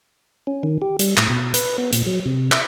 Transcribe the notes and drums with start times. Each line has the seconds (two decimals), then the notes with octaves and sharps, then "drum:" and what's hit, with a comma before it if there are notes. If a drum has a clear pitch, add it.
0.47 C#4
0.63 D#3
0.82 G4
0.99 G3, drum: hi-hat
1.17 A2, drum: clap
1.29 B2
1.54 B4, drum: hi-hat
1.78 B3
1.93 A#2, drum: hi-hat
2.07 F#3
2.26 C3
2.52 E5, drum: clap